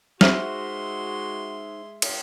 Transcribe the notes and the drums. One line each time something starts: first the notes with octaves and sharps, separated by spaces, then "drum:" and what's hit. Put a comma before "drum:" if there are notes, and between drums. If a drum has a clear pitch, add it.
G#3 D#4 F#4 C5 E5 C6 F6, drum: snare
drum: cymbal